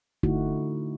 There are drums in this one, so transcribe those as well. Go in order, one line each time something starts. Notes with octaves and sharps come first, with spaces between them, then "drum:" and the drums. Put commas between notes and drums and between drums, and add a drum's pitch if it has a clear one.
D3 A3 D#4 E4 F#4, drum: kick F#1